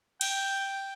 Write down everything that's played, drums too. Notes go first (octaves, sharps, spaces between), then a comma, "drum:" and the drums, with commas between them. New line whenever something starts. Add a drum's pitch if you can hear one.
G5, drum: cymbal